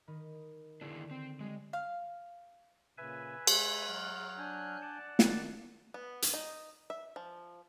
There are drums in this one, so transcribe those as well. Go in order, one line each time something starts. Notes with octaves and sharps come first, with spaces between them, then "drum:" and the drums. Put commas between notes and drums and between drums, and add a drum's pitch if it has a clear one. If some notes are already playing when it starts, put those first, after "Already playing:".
D#3 D#4 B5
D3 D4 E4 G#4 C7
C4
G3 G#3 C4 G4
F5
A#2 C#3 B4 E5 G#5
G#3, drum: cymbal
F#3 F6 F#6
D4 G#5 G6
D5 F#5 A5
D#3, drum: snare
B3
drum: hi-hat
D#4
E5
F3